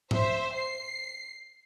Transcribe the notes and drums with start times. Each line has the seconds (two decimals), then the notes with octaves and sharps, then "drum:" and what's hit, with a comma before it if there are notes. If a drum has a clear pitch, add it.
0.11 C5 E5, drum: tom G#2
0.52 C7